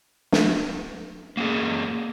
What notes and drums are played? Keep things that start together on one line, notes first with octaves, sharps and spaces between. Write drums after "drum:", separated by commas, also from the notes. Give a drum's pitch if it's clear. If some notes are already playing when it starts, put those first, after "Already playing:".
drum: snare
A#3 C#4 F4 G#4 A4